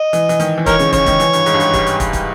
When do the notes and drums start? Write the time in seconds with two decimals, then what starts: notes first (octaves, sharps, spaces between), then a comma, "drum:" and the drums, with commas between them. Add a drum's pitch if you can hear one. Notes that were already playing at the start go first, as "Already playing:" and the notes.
Already playing: D#5
0.13 E3, drum: hi-hat
0.29 E3, drum: hi-hat
0.40 D#3, drum: hi-hat
0.58 E3
0.66 D#3 A#4 C#5, drum: kick, hi-hat
0.79 C#3, drum: hi-hat
0.93 C#3 C#5, drum: kick, hi-hat
1.06 D#3, drum: kick, hi-hat
1.20 E3, drum: hi-hat
1.33 G2, drum: hi-hat
1.46 G#2, drum: hi-hat
1.54 G2
1.60 G#2, drum: hi-hat
1.73 G3, drum: kick, hi-hat
1.87 drum: hi-hat
2.00 drum: kick, hi-hat
2.13 drum: kick, hi-hat